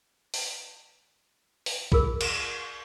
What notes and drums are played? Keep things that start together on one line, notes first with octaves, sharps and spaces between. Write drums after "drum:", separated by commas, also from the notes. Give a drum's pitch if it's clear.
drum: open hi-hat
drum: open hi-hat
F4 G#4 A#4, drum: kick B1
drum: cymbal